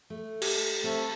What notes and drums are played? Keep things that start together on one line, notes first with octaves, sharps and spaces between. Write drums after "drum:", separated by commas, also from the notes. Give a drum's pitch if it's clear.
A3
G4, drum: cymbal
A3 C4